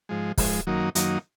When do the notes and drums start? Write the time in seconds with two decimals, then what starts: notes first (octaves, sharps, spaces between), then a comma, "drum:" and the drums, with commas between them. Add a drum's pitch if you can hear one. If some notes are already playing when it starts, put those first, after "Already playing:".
0.09 G#2 F3 G#3
0.38 G#2 F3 G#3, drum: kick, open hi-hat
0.67 F#2 D#3 F#3 A#3 D#4
0.95 F#2 D#3 F#3 A#3 D#4, drum: hi-hat